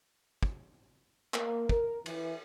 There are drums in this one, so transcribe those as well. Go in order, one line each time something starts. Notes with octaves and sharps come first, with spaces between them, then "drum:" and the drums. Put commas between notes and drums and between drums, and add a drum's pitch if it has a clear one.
drum: kick
A#3, drum: clap
A#4, drum: kick
E3, drum: cymbal